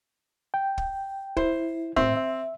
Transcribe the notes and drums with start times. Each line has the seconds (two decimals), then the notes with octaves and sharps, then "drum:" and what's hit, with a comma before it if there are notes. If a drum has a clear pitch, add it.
0.54 G5
0.78 drum: kick
1.37 E4 C5, drum: kick
1.96 A2 C4 E5, drum: kick
2.17 E5